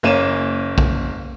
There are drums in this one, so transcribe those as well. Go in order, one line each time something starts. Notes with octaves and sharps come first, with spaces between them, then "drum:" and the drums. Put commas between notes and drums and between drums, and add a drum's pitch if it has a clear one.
F#1 A#3 C#4 D#7 E7
drum: kick